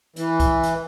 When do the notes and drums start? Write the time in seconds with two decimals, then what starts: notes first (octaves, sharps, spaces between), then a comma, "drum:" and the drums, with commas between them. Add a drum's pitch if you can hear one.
0.16 E3, drum: hi-hat
0.40 drum: kick C2, hi-hat
0.63 drum: hi-hat